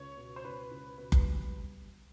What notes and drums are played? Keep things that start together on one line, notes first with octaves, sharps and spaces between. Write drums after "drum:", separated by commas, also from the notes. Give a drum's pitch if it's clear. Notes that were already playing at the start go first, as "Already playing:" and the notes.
Already playing: C#2 C#5
B2
C5
C#2 B4
C#2
B2 B4
drum: kick F#1
G3